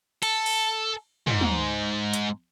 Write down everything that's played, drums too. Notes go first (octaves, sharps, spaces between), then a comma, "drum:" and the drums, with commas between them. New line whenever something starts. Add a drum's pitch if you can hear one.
A4, drum: cymbal
drum: open hi-hat
G#2, drum: tom
drum: tom
drum: hi-hat